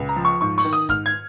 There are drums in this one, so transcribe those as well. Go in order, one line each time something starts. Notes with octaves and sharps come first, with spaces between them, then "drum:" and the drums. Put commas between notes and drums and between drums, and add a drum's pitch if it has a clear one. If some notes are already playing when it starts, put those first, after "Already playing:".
Already playing: C#2
A#5
F3
C#6
G#2 C#6
C#6, drum: open hi-hat
D#3
D#6, drum: hi-hat
G#2 F6, drum: kick, hi-hat
G#6